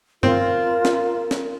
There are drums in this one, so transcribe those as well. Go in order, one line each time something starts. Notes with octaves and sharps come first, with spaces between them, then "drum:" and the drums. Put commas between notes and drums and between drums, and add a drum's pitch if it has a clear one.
C4 F4 A#4, drum: tom
drum: snare
drum: snare